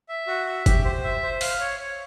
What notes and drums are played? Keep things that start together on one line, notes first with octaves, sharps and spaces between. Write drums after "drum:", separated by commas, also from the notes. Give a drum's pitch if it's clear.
E5
F#4
E5
G4, drum: kick F#1, hi-hat
C5
E5
C5
F5, drum: open hi-hat
C#5
C#5